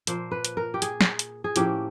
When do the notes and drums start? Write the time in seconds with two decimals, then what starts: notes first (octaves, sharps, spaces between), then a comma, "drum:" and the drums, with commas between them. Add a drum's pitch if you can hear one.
0.07 A#2 F3 A#3 C5, drum: hi-hat
0.31 B4
0.45 drum: hi-hat
0.57 A#4
0.74 G4
0.82 G#4, drum: hi-hat
1.01 drum: snare
1.19 drum: hi-hat
1.44 G#4
1.56 A2 F3 A#3 C#4 G4, drum: hi-hat